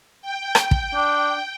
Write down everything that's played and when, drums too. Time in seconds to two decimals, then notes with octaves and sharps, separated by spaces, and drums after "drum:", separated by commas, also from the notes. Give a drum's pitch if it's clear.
0.22 G5
0.55 drum: rim click
0.71 drum: kick
0.95 D4